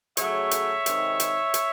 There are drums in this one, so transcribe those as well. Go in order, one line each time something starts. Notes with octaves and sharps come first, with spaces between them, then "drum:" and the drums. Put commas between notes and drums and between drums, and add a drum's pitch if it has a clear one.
C#3 F#3 A3 C#5 E5, drum: hi-hat
drum: hi-hat
C3 D#3 G#3, drum: hi-hat
drum: hi-hat
drum: hi-hat